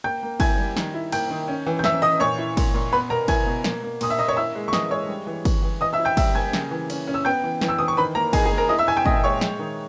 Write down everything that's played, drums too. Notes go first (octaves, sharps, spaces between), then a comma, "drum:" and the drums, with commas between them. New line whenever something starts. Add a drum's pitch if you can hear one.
A#3 G5 G6
A#3
E4 G#5 G#6, drum: kick, cymbal
G3
D#3, drum: snare
E4
A#3 G5 G6, drum: cymbal
D#3
C#4
E3
G6
E3 E5 E6, drum: snare
E3 D#5 D#6
A#2 C#5 C#6
E4
A#2, drum: kick, cymbal
A#2
B3 B4 B5
B2 A#4 A#5
E4 G#5 G#6, drum: kick, cymbal
B2
A#3, drum: snare
A#3
A#2 D#6, drum: cymbal
E5 E6
A#3 D#5 D#6
C#5 C#6
E4 E5 E6
G#3
C#6
E3 D#5 D#6, drum: snare
G#3 C#5 C#6
G3
E3
E3, drum: kick, cymbal
E3
E3 D#5 D#6
E5 E6
E4
G5 G6
G3 E5 E6, drum: kick, cymbal
A#3 G#5 G#6
C#3, drum: snare
E3
C#4, drum: cymbal
C#4
E6
B3 G5 G6
E3
E3, drum: snare
E6
E3 D#6
C#6
D#3 B4 B5
A#3 A#4 A#5
D#4 G#4 G#5, drum: kick, cymbal
G#4 G#5
A#3
A#4 A#5
E4 D#5 D#6
E5 E6
E4 G#5 G#6
G5 G6
A#2 D#5 D#6, drum: kick
G#3 C#5 C#6
G#3, drum: snare
D#3